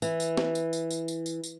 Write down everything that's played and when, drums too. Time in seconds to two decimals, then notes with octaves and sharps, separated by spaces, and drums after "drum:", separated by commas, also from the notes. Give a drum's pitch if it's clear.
0.02 E3, drum: tambourine
0.20 drum: tambourine
0.37 drum: snare
0.55 drum: tambourine
0.73 drum: tambourine
0.90 drum: tambourine
1.08 drum: tambourine
1.26 drum: tambourine
1.43 drum: tambourine